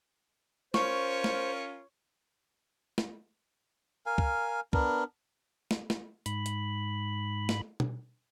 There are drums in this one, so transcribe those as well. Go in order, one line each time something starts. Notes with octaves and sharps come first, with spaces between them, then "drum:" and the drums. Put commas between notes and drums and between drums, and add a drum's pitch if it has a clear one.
C#4 F4 A#4 C5 C#5 C#6, drum: snare
drum: snare
drum: snare
A#4 F5 G#5
drum: kick
B3 D4 A#4, drum: kick
drum: snare
drum: snare
G#2 B5, drum: hi-hat
drum: hi-hat
drum: snare
drum: tom B2